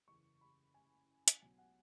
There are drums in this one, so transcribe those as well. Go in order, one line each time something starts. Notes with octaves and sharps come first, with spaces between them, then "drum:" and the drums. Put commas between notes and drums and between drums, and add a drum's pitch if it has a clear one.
F#1 E2 C#3 C#6
B5
G#5
drum: hi-hat
B1 B2 F#3 B3 G#5
F#5